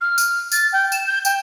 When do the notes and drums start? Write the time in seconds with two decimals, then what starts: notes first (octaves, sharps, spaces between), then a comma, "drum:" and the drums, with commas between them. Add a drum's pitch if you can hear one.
0.01 F6
0.18 drum: tambourine
0.52 A6, drum: tambourine
0.72 G5
0.92 E7, drum: tambourine
1.06 G6
1.25 G5, drum: tambourine